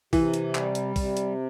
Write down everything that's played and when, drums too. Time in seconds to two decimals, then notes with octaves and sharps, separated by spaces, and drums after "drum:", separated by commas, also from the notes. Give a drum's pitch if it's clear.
0.13 C3 E3, drum: kick, open hi-hat
0.34 drum: hi-hat
0.55 G3, drum: clap
0.75 drum: hi-hat
0.96 C3, drum: kick, open hi-hat
1.17 drum: hi-hat